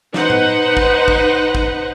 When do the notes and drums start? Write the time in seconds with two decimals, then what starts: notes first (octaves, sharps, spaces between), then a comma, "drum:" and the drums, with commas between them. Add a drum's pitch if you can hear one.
0.14 D#4 B4 C5 F#5, drum: snare
0.30 drum: tom A2
0.77 drum: kick G#1
1.08 drum: kick G#1
1.55 drum: kick G#1